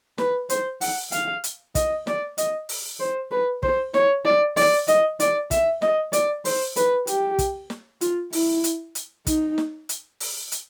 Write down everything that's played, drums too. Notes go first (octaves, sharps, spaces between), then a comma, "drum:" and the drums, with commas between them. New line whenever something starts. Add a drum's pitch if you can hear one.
B4, drum: snare
C5, drum: hi-hat
F#5, drum: open hi-hat
F5, drum: hi-hat
drum: hi-hat
D#5, drum: kick, hi-hat
D5, drum: snare
D#5, drum: hi-hat
drum: open hi-hat
C5
B4
C5, drum: kick
C#5, drum: snare
D5
D5, drum: open hi-hat
D#5, drum: hi-hat
D5, drum: hi-hat
E5, drum: kick, hi-hat
D#5, drum: snare
D5, drum: hi-hat
C5, drum: open hi-hat
B4, drum: hi-hat
G4, drum: hi-hat
drum: kick, hi-hat
drum: snare
F4, drum: hi-hat
E4, drum: open hi-hat
drum: hi-hat
drum: hi-hat
D#4, drum: kick, hi-hat
drum: snare
drum: hi-hat
drum: open hi-hat
drum: hi-hat